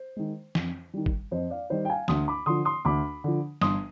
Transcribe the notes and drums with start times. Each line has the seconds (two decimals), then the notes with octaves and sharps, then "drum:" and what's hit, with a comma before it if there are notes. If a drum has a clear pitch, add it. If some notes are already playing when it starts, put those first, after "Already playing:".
Already playing: C5
0.16 D#3 G#3
0.55 F2, drum: snare
0.94 D#3 G3
1.06 drum: kick G#1
1.31 F2 C5 D#5
1.50 D5 F5
1.70 D#3 G3 C5 D#5
1.85 G5
1.90 F5 G#5
2.08 D2 C6 D#6, drum: snare
2.28 B5 D6
2.46 D3 F3 C6 D#6
2.65 C6 D#6
2.85 D2 B5 D6
3.24 D3 F3
3.61 G1 C6 D#6, drum: snare